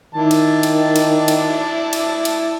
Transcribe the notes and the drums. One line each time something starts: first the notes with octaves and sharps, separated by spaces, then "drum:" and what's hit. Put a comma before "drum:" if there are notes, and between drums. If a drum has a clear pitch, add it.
D#3 E4 D5 A5
drum: cymbal
drum: cymbal
drum: cymbal
drum: cymbal
drum: cymbal
drum: cymbal